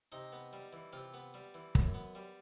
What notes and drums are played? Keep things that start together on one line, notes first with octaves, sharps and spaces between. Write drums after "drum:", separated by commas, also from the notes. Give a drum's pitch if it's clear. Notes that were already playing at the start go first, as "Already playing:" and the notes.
C3 D#4 D#5
B3
G3
E3
C3 F4 F5
B3
G3
E3
F#2, drum: kick
B3
G3